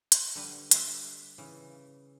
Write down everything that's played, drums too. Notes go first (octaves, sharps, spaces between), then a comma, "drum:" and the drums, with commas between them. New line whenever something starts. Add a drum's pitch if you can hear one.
drum: hi-hat
D3 G3 B4
G3 E5, drum: hi-hat
C#3 E3